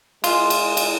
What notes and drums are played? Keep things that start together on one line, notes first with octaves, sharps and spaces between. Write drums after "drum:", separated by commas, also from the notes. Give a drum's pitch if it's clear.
G#3 F4, drum: cymbal
drum: cymbal
drum: cymbal